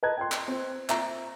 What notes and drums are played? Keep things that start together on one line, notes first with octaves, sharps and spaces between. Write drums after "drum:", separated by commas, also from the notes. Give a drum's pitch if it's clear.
B4 D#5 A5 A#5 F#6 G#6
G5 C6
drum: clap
C4
E5 A#5, drum: clap